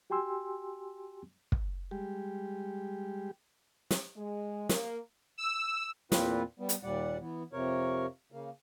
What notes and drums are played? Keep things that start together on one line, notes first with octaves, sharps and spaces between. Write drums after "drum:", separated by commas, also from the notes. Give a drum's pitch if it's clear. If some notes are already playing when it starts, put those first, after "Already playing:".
F#4 G4 G5 G#5 C6 E6
drum: kick
G3 G#3 G4
drum: snare
G#3
A#3, drum: snare
E6
E2 A#2 A#3 C4 F4 B4, drum: snare
G3 B3
drum: hi-hat
D#2 A#2 G3 D5 F#5
E3 B3
F2 C3 A#4 C#5
C#3 A#3